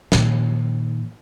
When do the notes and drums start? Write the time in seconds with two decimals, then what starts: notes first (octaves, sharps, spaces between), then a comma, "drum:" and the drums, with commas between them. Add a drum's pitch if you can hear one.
0.12 A#2 D#3, drum: snare